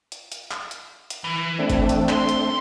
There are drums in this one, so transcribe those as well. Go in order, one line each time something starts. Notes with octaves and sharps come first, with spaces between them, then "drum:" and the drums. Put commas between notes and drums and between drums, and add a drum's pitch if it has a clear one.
drum: hi-hat
drum: hi-hat
drum: clap
drum: hi-hat
drum: hi-hat
E3
A3 C4 D4
drum: kick, hi-hat
drum: hi-hat
C#2 C6, drum: clap
drum: hi-hat